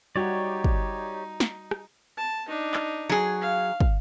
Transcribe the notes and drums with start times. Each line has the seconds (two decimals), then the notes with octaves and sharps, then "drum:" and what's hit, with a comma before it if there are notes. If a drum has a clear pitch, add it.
0.16 G3 D#4 F#4 G4 C#5 D5
0.64 drum: kick
1.40 drum: snare
1.71 drum: rim click
2.17 A5
2.48 D4 D#4
2.74 drum: clap
3.09 F#3 G#4
3.41 F5
3.80 drum: kick